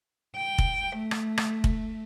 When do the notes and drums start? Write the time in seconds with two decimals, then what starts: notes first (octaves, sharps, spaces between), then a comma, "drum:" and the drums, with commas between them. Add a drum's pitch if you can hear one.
0.36 G5
0.58 drum: kick
0.98 A3
1.11 drum: rim click
1.38 drum: rim click
1.64 drum: kick